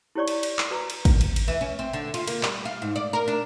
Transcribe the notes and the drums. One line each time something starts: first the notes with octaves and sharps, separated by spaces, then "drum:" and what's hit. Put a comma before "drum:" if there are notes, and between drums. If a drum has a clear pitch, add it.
E4 G4 C#5 D5 C#6
drum: cymbal
drum: cymbal
drum: clap
F#4 B4 A#5
drum: cymbal
drum: kick, cymbal
drum: cymbal
drum: cymbal
E3
C#4
C4
D3
F4, drum: cymbal
A#3, drum: cymbal
G3, drum: clap
F5
G#2
D5
A#4
D4